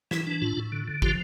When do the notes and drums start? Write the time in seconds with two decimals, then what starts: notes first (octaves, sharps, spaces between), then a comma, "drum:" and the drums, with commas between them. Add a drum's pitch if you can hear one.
0.11 E3 E4, drum: snare
0.27 D4
0.42 A2 F4
0.57 A2
0.72 D3
0.88 D3
1.02 F3 F4 G4, drum: kick